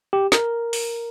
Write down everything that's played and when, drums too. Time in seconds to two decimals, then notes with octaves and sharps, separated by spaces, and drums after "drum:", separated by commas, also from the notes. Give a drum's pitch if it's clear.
0.13 G4
0.32 A#4, drum: snare
0.73 drum: open hi-hat